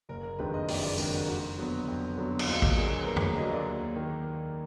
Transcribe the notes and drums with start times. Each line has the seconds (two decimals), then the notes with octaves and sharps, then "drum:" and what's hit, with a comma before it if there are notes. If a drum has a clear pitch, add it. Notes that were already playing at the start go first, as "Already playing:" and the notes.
0.09 F#1 A#4
0.23 A#4
0.39 F2 D#3 G#3 D4 B4
0.54 D#5
0.63 B4
0.68 F#1 D5, drum: open hi-hat
0.83 D5
0.98 F2 D#3 G#3 D4 A#4, drum: tambourine
1.13 F#4
1.28 F2 F#4
1.58 D3 F#3 B3
1.88 F2
2.17 D3 F#3 B3
2.39 F#4, drum: cymbal
2.46 D#2 F4
2.62 F#4, drum: kick
2.77 D3 F#3 A#3 G#4
2.92 G#4
3.03 B4
3.07 D#2 A#4
3.16 G#4, drum: tom F2
3.22 A#4
3.37 D3 F#3 A#3 D#5
3.52 D5
3.66 D#2
3.96 D#3 A#3
4.26 D#2